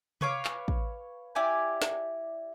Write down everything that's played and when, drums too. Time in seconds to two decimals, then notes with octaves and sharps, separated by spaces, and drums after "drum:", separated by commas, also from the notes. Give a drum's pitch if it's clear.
0.21 B4 C#5 F5 D6, drum: tom C3
0.45 drum: clap
0.68 drum: kick
1.35 E4 G4 D5 G#5
1.82 drum: snare